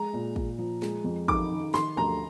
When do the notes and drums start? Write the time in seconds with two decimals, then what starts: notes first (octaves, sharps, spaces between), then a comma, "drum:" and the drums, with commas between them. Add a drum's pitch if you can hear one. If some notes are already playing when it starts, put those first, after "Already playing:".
Already playing: G#3 A#5
0.14 A#2
0.36 A#2, drum: kick
0.58 F3
0.82 G#3, drum: snare
1.04 F2
1.28 D#4 D6, drum: kick
1.51 D#3
1.74 D#3 C6, drum: snare
1.96 D2 A#5